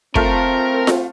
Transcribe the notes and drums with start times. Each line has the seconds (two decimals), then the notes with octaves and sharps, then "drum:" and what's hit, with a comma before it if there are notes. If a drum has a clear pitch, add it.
0.15 A3 C4 F4 A#4 F6, drum: kick
0.87 drum: snare F4